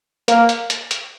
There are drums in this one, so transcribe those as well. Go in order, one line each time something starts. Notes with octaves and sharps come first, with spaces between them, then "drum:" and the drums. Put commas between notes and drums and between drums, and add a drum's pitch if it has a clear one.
A#3, drum: hi-hat
drum: hi-hat
drum: hi-hat
drum: hi-hat